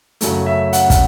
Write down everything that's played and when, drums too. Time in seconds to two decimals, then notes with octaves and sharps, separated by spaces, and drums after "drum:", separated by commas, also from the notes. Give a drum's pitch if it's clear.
0.21 F#2 C#3 F#3 A3, drum: hi-hat
0.46 E5
0.73 F#5, drum: hi-hat
0.90 drum: kick, hi-hat